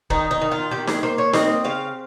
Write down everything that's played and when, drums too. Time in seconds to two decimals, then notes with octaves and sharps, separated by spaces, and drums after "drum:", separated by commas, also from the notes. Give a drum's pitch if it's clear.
0.10 D#3 D#4, drum: kick
0.31 D#4
0.41 D#3
0.52 F4
0.71 D#3 G4
0.87 G#4, drum: snare D#4
1.03 A#3 C5
1.18 C#5
1.33 C4 D#5, drum: snare D#4
1.64 C#3 F5